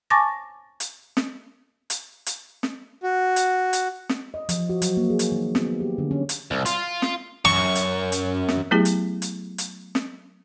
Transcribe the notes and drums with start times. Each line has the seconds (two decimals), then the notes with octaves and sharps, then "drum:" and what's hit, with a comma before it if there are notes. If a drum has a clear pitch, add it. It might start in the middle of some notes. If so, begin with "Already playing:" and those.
0.10 G#5 A5 C#6 D6 A6 A#6
0.80 drum: hi-hat
1.17 drum: snare
1.90 drum: hi-hat
2.26 drum: hi-hat
2.63 drum: snare
3.03 F#4
3.36 drum: hi-hat
3.73 drum: hi-hat
4.09 drum: snare
4.34 D#5
4.49 F3, drum: hi-hat
4.69 F#4
4.82 F#3, drum: hi-hat
4.97 A#3
5.10 G#4
5.19 drum: hi-hat
5.32 D#3
5.55 B3, drum: snare
5.81 G4
5.98 D3
6.11 C#4
6.29 drum: hi-hat
6.51 C2
6.66 F4, drum: hi-hat
7.02 drum: snare
7.45 F#2 C#6
7.75 drum: hi-hat
8.12 drum: hi-hat
8.49 drum: snare
8.71 F#3 A3 B3 E4 G4 G#4
8.85 drum: hi-hat
9.22 drum: hi-hat
9.58 drum: hi-hat
9.95 drum: snare